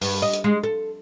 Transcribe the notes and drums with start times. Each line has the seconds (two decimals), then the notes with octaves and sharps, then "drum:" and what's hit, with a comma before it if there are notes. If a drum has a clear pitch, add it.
0.01 G2, drum: open hi-hat
0.22 D#5
0.33 drum: hi-hat
0.44 G#3
0.63 A4